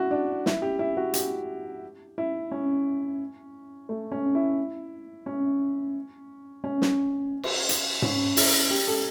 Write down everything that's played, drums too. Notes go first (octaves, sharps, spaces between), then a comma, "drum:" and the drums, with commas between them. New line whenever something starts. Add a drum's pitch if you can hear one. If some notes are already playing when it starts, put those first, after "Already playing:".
Already playing: E4 F#4
D4
E4, drum: snare
G4
E4
F#4
G4, drum: hi-hat
E4
C#4
A3
C#4
E4
C#4
C#4
drum: snare
drum: cymbal
drum: hi-hat
C#4, drum: tom G#2
E4, drum: open hi-hat
G4
A4